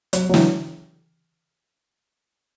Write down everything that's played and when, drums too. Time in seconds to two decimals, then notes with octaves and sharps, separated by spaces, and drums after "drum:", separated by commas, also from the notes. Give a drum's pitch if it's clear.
0.13 F#3, drum: hi-hat
0.29 F#3
0.34 E3, drum: snare